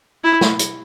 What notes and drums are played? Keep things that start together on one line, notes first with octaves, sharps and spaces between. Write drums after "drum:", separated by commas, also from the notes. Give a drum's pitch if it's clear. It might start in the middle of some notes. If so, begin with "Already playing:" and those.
E4
drum: snare
drum: hi-hat